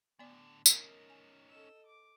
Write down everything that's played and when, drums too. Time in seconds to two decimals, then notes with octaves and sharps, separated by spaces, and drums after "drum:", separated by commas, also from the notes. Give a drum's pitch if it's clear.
0.19 A2 D3 B3 D5
0.66 C#4 D#4 A#4, drum: tambourine
1.10 G#5
1.49 A4 D#5 E6
1.84 D6